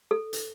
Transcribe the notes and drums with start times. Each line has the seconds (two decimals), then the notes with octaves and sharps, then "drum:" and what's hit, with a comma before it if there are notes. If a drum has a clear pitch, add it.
0.11 A4
0.33 drum: hi-hat